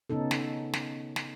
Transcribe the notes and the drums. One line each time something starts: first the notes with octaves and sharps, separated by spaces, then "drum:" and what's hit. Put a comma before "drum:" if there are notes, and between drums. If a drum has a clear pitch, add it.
C#3 B3 C#4 D#4 A4
drum: snare
drum: snare
drum: snare